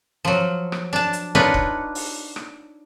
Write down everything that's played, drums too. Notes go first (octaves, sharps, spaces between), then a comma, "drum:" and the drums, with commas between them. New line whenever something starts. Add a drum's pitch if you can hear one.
F3 F#3
drum: rim click
D4 A5
drum: hi-hat
D4 D#4 F4 B4 C#5
drum: kick
drum: open hi-hat
drum: rim click